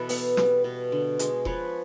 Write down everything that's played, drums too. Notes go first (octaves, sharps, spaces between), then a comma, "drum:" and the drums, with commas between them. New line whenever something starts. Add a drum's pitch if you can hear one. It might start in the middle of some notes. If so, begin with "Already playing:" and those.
Already playing: B2 E3 A4 B4
B3, drum: open hi-hat
G3, drum: snare
B2
D3
G#3, drum: hi-hat
F3 B4 C#5, drum: kick E1